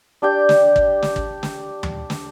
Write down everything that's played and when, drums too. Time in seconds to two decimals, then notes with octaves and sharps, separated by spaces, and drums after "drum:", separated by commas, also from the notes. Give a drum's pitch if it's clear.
0.22 D4 G4 G5
0.49 drum: snare
0.76 drum: kick
1.02 drum: snare
1.16 drum: kick
1.43 drum: snare
1.83 drum: tom
2.10 drum: snare